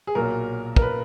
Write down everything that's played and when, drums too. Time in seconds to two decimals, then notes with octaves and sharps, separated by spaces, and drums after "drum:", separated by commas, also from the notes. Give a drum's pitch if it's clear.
0.07 G#4
0.15 B1 A#2 F#3 A#4
0.76 A#4, drum: kick
0.82 B4